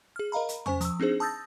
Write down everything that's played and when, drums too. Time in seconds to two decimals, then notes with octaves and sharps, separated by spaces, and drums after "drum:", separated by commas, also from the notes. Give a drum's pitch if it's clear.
0.16 G#4 F6
0.32 A#4 D#5 F5 A#5 B5
0.49 drum: hi-hat
0.66 C#4 C5 G#5 C#6, drum: tom E2
0.81 F3 E6, drum: hi-hat
1.00 C4 D4 D#4 G#4 C5
1.20 A5 D#6 E6 G6 A6 A#6